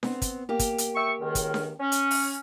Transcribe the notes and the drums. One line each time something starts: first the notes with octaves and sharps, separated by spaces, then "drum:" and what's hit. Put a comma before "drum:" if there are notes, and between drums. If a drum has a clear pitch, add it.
B3 C4, drum: snare D4
drum: kick, hi-hat
A#3 G4
drum: kick, hi-hat
drum: hi-hat
E5 G5 C#6
C#2 D#3
drum: kick, hi-hat
drum: snare D4
C#4
drum: hi-hat
drum: open hi-hat